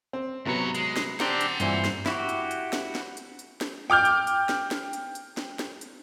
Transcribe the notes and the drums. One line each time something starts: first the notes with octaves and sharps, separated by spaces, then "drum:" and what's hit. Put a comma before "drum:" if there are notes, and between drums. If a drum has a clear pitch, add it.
C4
G#2 C3 F#3 B3 C#5
G#3, drum: hi-hat
drum: snare
C4 D4 G4 F#5 A#5 C6, drum: snare
drum: hi-hat
G2 A#2 E3 C4 C5, drum: hi-hat
drum: snare
E4 F#4 G4, drum: snare
drum: hi-hat
drum: hi-hat
drum: snare
drum: snare
drum: hi-hat
drum: hi-hat
drum: snare
G5 D6 F6 G6
drum: hi-hat
drum: hi-hat
drum: snare
drum: snare
drum: hi-hat
drum: hi-hat
drum: snare
drum: snare
drum: hi-hat